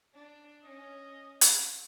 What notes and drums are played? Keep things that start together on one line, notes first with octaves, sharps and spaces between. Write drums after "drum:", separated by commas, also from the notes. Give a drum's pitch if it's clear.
D4
C#4 D#5
drum: hi-hat